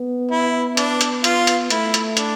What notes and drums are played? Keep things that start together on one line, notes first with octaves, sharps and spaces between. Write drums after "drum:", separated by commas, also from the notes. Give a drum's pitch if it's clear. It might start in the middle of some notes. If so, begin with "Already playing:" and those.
Already playing: B3
E4
D4, drum: hi-hat
drum: hi-hat
F4, drum: hi-hat
drum: hi-hat
A3 E4, drum: hi-hat
drum: hi-hat
D4, drum: hi-hat